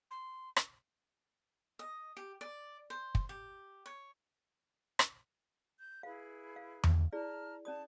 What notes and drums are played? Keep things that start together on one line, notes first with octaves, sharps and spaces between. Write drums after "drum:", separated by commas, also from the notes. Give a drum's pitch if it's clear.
C6
drum: rim click
D#5
G4
D5
C5
drum: kick
G4
C#5
drum: rim click
G6
E4 G#4 B4 F5
F5
drum: tom E2
E4 G#4 D5 A5 A#5 F6
C#4 D5 A5 D#6